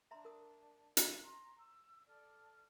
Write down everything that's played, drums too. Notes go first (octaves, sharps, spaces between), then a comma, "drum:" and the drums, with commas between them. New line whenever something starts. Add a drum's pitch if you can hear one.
D4 E5 A#5 C6
A#4 D#6
drum: hi-hat
A#5 C6
E6
A4 D5 F6